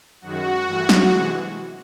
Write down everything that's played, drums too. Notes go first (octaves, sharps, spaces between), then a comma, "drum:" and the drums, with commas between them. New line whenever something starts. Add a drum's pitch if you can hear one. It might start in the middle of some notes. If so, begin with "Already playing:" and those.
F#2 D#3 G#3 F#4
G2 E3 A3
drum: snare F#3
C3 E3 G#3